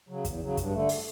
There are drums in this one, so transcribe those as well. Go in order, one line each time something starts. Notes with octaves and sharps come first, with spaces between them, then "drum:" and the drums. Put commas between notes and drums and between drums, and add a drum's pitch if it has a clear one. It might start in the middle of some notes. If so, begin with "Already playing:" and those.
C#3 F#3
E2, drum: kick, hi-hat
C#3 F#3
G2, drum: kick, hi-hat
D3 A3
drum: open hi-hat